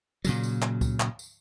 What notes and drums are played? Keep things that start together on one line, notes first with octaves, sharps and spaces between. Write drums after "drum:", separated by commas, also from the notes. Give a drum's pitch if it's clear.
A#2 C#3 F#3, drum: tambourine
drum: tambourine
drum: clap
drum: kick C#2, tambourine
drum: clap
drum: tambourine